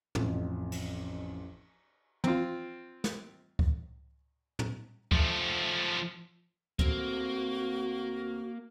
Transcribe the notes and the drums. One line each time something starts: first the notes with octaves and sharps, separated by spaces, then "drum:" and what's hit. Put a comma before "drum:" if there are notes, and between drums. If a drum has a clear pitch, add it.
A1 F2, drum: tom
drum: cymbal
C4 F4, drum: tom
drum: snare
drum: kick C#2
drum: tom
F3 A3, drum: kick C#2
D2 A#3 C4 F#4, drum: kick C#2